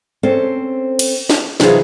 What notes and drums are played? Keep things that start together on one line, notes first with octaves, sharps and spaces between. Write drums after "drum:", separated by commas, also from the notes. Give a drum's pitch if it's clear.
C4 C#4 A4 C5
drum: cymbal
drum: snare
C3 E3 F#3 D#4 F4 G#4, drum: snare